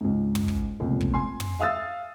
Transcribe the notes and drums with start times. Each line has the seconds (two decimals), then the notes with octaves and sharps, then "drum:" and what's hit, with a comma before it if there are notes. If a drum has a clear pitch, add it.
0.01 C#2 G#2
0.35 drum: tom
0.48 drum: kick
0.80 F1 C#2 A#2
1.01 drum: kick
1.14 G#5 C6
1.40 drum: tom
1.59 E5 F5 D#6 E6 A6